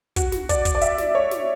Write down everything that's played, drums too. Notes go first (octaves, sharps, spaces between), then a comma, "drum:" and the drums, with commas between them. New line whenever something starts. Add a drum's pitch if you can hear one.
F#4, drum: kick, hi-hat
drum: snare
D5, drum: kick, hi-hat
drum: kick, hi-hat
D5
E5, drum: hi-hat
drum: snare
C#5
drum: snare